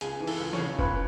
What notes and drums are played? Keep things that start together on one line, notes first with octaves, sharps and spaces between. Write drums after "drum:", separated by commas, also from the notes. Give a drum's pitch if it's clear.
C#2 G#4 G#5, drum: hi-hat
E3
A4 A5, drum: open hi-hat
C#2
C#5 C#6, drum: snare
C#3
C#2 B4 B5, drum: kick E1